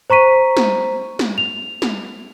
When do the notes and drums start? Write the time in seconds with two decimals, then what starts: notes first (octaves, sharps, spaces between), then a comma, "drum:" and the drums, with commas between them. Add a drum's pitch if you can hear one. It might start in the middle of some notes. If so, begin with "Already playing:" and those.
0.10 C5 A#5 C#6 B6 D#7
0.57 drum: snare
1.19 drum: snare
1.38 F7
1.82 drum: snare